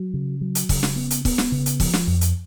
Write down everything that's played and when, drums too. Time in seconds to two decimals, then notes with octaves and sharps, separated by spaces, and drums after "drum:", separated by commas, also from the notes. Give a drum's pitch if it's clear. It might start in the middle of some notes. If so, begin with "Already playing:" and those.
Already playing: F#3
0.14 C#3
0.41 F#3
0.55 drum: hi-hat
0.69 C#3, drum: kick, open hi-hat
0.83 drum: snare
0.96 B3
1.10 drum: hi-hat
1.25 B3, drum: kick, open hi-hat
1.38 drum: snare
1.52 C#3
1.66 drum: hi-hat
1.80 F3, drum: kick, open hi-hat
1.93 drum: snare
2.07 F2
2.21 drum: hi-hat